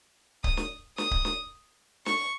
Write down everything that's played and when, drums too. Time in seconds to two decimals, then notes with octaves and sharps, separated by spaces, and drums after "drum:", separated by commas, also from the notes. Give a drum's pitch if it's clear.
0.44 D#6, drum: kick C#1
0.57 drum: snare
0.98 D#6, drum: snare
1.11 drum: kick C#1
1.25 drum: snare
2.06 C#6, drum: snare